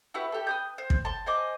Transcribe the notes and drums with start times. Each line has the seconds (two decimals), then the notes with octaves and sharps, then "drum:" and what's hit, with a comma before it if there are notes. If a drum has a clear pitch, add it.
0.14 E4 F#4 G4 B4
0.32 G4 A4
0.47 B4 D#6 G6
0.78 C5
0.90 drum: kick
1.05 A5 C6
1.26 C5 D#5 G#5 D6